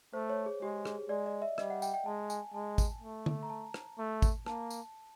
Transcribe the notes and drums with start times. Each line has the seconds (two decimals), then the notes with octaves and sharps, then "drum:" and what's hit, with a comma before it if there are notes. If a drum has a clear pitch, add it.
0.13 A3 C5
0.30 C#5
0.46 G#4
0.62 G#3 G4
0.85 G#4, drum: rim click
1.09 G#3 D5
1.26 D#5
1.42 E5
1.58 G3 D#5, drum: rim click
1.70 F#5
1.82 G5, drum: tambourine
1.94 G5
2.06 G#3 A5
2.30 G#5, drum: tambourine
2.54 G#3 A5
2.78 drum: kick, tambourine
3.02 A3
3.26 drum: tom D3
3.43 A#5
3.50 A5
3.74 drum: rim click
3.99 A3
4.22 drum: kick, tambourine
4.46 A#3 A5, drum: rim click
4.71 drum: tambourine